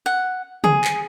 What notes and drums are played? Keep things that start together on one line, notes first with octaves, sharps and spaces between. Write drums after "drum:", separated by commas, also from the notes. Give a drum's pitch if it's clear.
F#5
G#4, drum: tom C#3
drum: clap